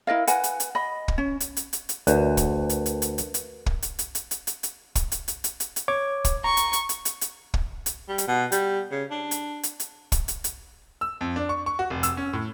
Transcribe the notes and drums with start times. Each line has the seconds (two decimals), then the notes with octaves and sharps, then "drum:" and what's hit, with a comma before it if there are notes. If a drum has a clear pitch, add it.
0.07 E4 A#4 D#5 F5
0.27 B4 F#5 G#5, drum: hi-hat
0.44 drum: hi-hat
0.60 drum: hi-hat
0.75 D#5 B5
1.08 drum: kick
1.18 C#4
1.40 drum: hi-hat
1.57 drum: hi-hat
1.73 drum: hi-hat
1.89 drum: hi-hat
2.07 D2 A#4 B4, drum: hi-hat
2.37 drum: kick, hi-hat
2.70 drum: hi-hat
2.86 drum: hi-hat
3.02 drum: hi-hat
3.18 drum: hi-hat
3.34 drum: hi-hat
3.66 drum: kick
3.82 drum: hi-hat
3.99 drum: hi-hat
4.15 drum: hi-hat
4.31 drum: hi-hat
4.47 drum: hi-hat
4.63 drum: hi-hat
4.95 drum: kick, hi-hat
5.12 drum: hi-hat
5.28 drum: hi-hat
5.44 drum: hi-hat
5.60 drum: hi-hat
5.76 drum: hi-hat
5.88 C#5 D6 G#6
6.25 drum: kick, hi-hat
6.44 A#5 C#6
6.57 drum: hi-hat
6.73 drum: hi-hat
6.89 drum: hi-hat
7.05 drum: hi-hat
7.21 drum: hi-hat
7.54 drum: kick
7.86 drum: hi-hat
8.09 G3
8.18 drum: hi-hat
8.28 B2
8.52 G3, drum: hi-hat
8.91 C#3
9.11 D4
9.31 drum: hi-hat
9.63 drum: hi-hat
9.80 drum: hi-hat
10.12 drum: kick, hi-hat
10.28 drum: hi-hat
10.44 drum: hi-hat
11.01 E6
11.21 F2
11.36 D4
11.49 C#6
11.66 C#6
11.79 F#4
11.90 F1
12.03 E6, drum: hi-hat
12.17 C#4
12.33 A2